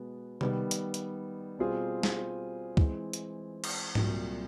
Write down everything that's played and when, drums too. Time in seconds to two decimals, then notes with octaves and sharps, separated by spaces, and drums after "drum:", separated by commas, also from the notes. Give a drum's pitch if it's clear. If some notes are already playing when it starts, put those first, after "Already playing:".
Already playing: B2 G#3 B3
0.41 D#3 G3 B3, drum: tom C3
0.71 drum: hi-hat
0.94 drum: hi-hat
1.59 B2 G3 C4 F4 G#4
2.03 drum: snare
2.77 E3 G#3 C4, drum: kick C#2
3.13 drum: hi-hat
3.64 drum: cymbal
3.95 C2 A#2 F#3, drum: tom G#2